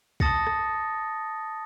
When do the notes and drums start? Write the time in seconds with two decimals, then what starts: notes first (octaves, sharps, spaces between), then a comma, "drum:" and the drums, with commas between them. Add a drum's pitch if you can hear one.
0.20 A5 D#6 A6 A#6 C#7, drum: kick
0.47 drum: rim click